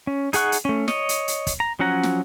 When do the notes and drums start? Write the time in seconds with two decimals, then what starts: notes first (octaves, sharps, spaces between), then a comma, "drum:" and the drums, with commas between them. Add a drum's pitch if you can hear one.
0.07 C#4
0.33 D#4 G#4 F#5 C#6 F#6, drum: hi-hat
0.52 drum: hi-hat
0.65 A3 C#4
0.88 C#5 D#5, drum: snare
1.09 drum: hi-hat
1.28 drum: hi-hat
1.47 drum: kick, hi-hat
1.60 A#5
1.79 F3 F#3 C#4 F#5 A#5
2.03 drum: snare